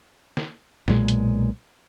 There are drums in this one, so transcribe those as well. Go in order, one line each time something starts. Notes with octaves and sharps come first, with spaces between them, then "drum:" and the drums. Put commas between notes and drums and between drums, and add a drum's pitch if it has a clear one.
drum: snare
B1 A#2 G#3, drum: snare
drum: hi-hat